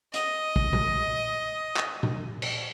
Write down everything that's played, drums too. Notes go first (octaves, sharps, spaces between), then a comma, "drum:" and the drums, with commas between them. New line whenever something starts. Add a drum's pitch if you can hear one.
D#5, drum: hi-hat
drum: kick
drum: tom A#2
drum: clap
drum: tom A#2
drum: cymbal